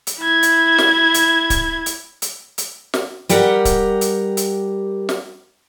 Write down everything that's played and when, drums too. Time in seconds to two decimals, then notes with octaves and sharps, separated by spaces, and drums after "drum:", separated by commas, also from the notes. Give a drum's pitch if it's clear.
0.07 drum: hi-hat
0.19 E4 G#6
0.43 drum: hi-hat
0.78 drum: snare
1.14 drum: hi-hat
1.50 drum: kick C#1, hi-hat
1.86 drum: hi-hat
2.22 drum: hi-hat
2.58 drum: hi-hat
2.94 drum: snare
3.29 G3 G4 A#4 F#5, drum: hi-hat
3.65 drum: kick C#1, hi-hat
4.01 drum: hi-hat
4.37 drum: hi-hat
5.09 drum: snare